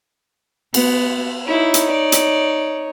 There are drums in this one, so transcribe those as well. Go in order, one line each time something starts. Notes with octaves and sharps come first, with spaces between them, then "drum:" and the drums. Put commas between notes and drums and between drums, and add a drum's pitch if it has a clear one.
B3, drum: cymbal
D#4 E4 C#5
drum: hi-hat
D5
drum: hi-hat